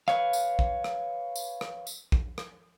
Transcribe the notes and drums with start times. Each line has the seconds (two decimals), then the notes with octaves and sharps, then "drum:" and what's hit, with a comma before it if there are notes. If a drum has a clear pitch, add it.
0.08 B4 C#5 F5, drum: rim click
0.33 drum: tambourine
0.59 drum: kick
0.84 drum: rim click
1.36 drum: tambourine
1.61 drum: rim click
1.87 drum: tambourine
2.12 drum: kick
2.38 drum: rim click